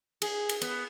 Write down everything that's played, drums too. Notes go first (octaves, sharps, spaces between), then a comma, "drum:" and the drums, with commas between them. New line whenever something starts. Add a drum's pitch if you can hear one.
G#4, drum: cymbal
drum: cymbal
B3, drum: cymbal